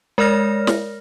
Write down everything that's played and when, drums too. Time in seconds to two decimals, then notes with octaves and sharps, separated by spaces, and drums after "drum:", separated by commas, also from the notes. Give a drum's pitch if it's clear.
0.18 G#3 A#4 C#5 D5 F6 A#6
0.67 drum: snare